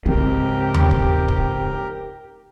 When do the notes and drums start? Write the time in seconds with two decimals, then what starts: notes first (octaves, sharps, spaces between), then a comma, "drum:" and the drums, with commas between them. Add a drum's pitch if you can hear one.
0.06 C#2 G#2 C4 G4 A#4
0.74 drum: tom D#2
0.91 drum: kick
1.28 drum: kick